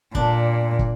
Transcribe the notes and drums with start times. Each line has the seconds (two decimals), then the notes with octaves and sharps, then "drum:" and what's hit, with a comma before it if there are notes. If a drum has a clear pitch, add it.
0.15 A#2 D4, drum: kick
0.79 drum: kick